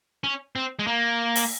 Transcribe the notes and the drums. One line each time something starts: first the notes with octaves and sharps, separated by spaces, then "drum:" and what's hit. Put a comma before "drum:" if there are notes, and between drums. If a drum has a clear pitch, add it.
C#4
C4
G#3
A#3
drum: open hi-hat